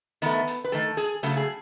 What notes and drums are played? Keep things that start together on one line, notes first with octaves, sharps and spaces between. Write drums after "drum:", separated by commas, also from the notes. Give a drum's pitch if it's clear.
D#3 A3 B3, drum: hi-hat
drum: hi-hat
B4
D#3 A3 A4
G#4, drum: hi-hat
C#3 F#3 A3 A4, drum: hi-hat
G#4